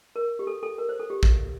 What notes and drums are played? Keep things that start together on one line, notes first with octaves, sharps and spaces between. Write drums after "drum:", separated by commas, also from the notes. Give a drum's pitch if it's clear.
A#4
G4
A4
A4
A#4
C5
A4
G4
drum: kick A1